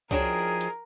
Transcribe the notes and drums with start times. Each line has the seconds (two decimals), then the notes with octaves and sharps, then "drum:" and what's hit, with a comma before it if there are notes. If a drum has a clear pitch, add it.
0.11 F3 D4 D#4 F#4 G#4 A#4 C#5 G5, drum: kick C2, hi-hat
0.61 drum: hi-hat